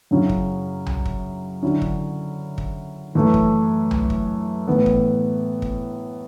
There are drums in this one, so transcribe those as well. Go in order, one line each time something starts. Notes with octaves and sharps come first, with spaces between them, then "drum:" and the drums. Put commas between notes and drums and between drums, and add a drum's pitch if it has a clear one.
F#2 C#3 F#3 C#4 E4
drum: kick
drum: tom C2
drum: kick
D3 F#3 C#4 E4
drum: kick
drum: kick
F#2 E3 A3
drum: kick
drum: tom C2
drum: kick
A2 E3 B3
drum: kick
drum: kick